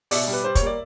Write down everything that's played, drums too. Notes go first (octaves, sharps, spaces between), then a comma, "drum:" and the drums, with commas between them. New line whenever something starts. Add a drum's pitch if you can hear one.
B2 D5 E5, drum: open hi-hat
G3
B4
G3 C5
C#5, drum: kick, hi-hat
A#3 D5